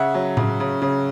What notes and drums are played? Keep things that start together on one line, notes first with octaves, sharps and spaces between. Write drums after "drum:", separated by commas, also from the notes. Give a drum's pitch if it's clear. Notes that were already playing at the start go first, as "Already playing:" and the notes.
Already playing: C#3 E5 F#5
F#3
C#3, drum: tom A2
C#3
C#3